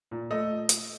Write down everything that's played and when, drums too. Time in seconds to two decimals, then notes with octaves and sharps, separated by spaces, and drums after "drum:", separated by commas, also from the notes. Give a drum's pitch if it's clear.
0.11 A#2
0.30 A3 D#5
0.69 drum: hi-hat